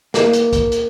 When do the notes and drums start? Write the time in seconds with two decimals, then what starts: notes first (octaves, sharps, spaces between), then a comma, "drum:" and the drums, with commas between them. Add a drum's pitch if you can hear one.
0.14 A#3, drum: snare
0.33 drum: hi-hat
0.53 drum: kick, hi-hat
0.72 drum: hi-hat